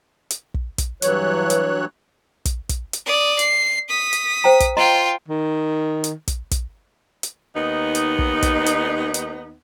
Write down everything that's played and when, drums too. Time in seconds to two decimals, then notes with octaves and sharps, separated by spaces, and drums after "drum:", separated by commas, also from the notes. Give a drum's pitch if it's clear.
0.30 drum: hi-hat
0.54 drum: kick
0.78 drum: kick, hi-hat
1.02 G2 E3 F#3 C#5 F#6, drum: hi-hat
1.50 drum: hi-hat
2.45 drum: kick, hi-hat
2.69 drum: kick, hi-hat
2.93 drum: hi-hat
3.06 D5 D#6
3.39 C7, drum: hi-hat
3.89 D#6 B6
4.13 drum: hi-hat
4.44 C5 G5 A#5
4.60 drum: kick, hi-hat
4.77 F4 D#5 G5 A#5 C6
5.29 D#3
6.04 drum: hi-hat
6.28 drum: kick, hi-hat
6.51 drum: kick, hi-hat
7.23 drum: hi-hat
7.54 D#2 B3 D#4
7.95 drum: hi-hat
8.19 drum: kick
8.42 drum: kick, hi-hat
8.66 drum: hi-hat
9.14 drum: hi-hat